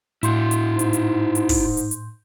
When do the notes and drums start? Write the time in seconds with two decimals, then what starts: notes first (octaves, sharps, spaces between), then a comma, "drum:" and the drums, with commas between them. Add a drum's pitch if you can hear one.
0.23 A2 E4 F#4 C6 G6, drum: hi-hat
0.51 drum: hi-hat
0.69 G#2
0.79 drum: hi-hat
0.93 drum: hi-hat
1.35 drum: hi-hat
1.49 drum: kick, open hi-hat
1.77 drum: hi-hat
1.91 drum: hi-hat